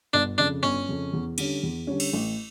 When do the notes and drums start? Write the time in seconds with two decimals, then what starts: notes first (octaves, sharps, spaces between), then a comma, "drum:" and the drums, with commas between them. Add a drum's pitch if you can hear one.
0.13 G1 D4
0.38 F2 C#3 D4
0.63 G1 C#4
0.89 F2 C#3
1.13 E2
1.38 D3 G3 C#4, drum: cymbal
1.63 E2
1.87 D3 G3 C#4
2.00 drum: cymbal
2.13 A1